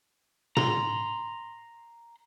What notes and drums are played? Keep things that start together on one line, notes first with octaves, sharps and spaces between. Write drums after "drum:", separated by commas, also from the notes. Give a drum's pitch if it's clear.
A#5 C6, drum: tom